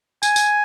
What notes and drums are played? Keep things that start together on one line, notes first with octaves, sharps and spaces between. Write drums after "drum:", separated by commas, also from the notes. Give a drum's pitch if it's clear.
G#5, drum: tambourine
drum: tambourine